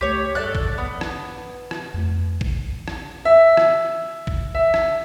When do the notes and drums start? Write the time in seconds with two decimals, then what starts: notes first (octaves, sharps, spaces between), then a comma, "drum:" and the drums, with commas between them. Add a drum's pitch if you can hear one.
0.01 C#2 F#3 A3 G4 C#5
0.35 G2 A4 D5 F#6
0.55 drum: kick
0.78 B3
1.01 drum: rim click
1.71 drum: rim click
1.94 F2 A3
2.41 drum: kick
2.88 drum: rim click
3.25 E5
3.57 drum: rim click
4.27 drum: kick
4.55 E5
4.74 drum: rim click